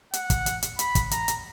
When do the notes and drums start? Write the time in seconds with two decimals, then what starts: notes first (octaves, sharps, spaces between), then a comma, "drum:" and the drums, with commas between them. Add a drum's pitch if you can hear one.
0.13 F#5, drum: hi-hat
0.30 drum: kick, hi-hat
0.46 drum: hi-hat
0.63 drum: hi-hat
0.79 B5, drum: hi-hat
0.95 drum: kick, hi-hat
1.11 A#5, drum: hi-hat
1.28 drum: hi-hat